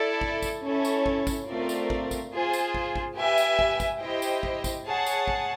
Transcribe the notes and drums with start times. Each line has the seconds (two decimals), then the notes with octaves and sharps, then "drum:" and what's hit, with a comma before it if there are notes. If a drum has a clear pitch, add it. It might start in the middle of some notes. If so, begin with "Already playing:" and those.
Already playing: E4 A4 D5
0.21 drum: kick
0.42 drum: kick, tambourine
0.63 C#4 E4 A4 C#5
0.85 drum: tambourine
1.06 drum: kick
1.27 drum: kick, tambourine
1.48 A3 C4 F4 A#4 D5
1.69 drum: tambourine
1.90 drum: kick
2.11 drum: kick, tambourine
2.33 F4 G#4 C5
2.53 drum: tambourine
2.74 drum: kick
2.96 drum: kick
3.16 G4 B4 E5 G#5
3.38 drum: tambourine
3.59 drum: kick
3.80 drum: kick, tambourine
4.01 E4 G4 C5 D#5 G5
4.22 drum: tambourine
4.43 drum: kick
4.64 drum: kick, tambourine
4.85 G#4 C#5 F#5 A5
5.06 drum: tambourine
5.28 drum: kick